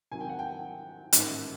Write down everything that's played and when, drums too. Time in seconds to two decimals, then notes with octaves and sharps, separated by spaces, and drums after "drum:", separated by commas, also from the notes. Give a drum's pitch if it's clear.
0.12 C2 C3 D#3 F#3 G#5
0.20 G5
0.29 F#5
0.39 G5
1.13 A1 G#2 D#3, drum: hi-hat